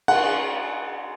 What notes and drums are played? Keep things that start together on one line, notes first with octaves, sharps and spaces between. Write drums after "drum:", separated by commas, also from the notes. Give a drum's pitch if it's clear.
F#5, drum: cymbal